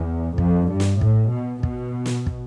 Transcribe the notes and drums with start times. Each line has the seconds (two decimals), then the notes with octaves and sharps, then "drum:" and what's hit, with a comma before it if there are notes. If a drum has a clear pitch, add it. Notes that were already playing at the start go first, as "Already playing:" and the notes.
Already playing: E2
0.38 F2, drum: kick
0.70 G2
0.80 drum: snare
1.01 A2, drum: kick
1.32 B2
1.63 B2, drum: kick
2.06 drum: snare
2.27 drum: kick